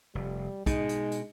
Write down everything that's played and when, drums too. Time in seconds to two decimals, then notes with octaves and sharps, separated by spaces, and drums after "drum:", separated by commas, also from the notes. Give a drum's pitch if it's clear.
0.15 F1 G3
0.66 B2 G#3 D#4, drum: kick B1, hi-hat
0.89 drum: hi-hat
1.11 drum: hi-hat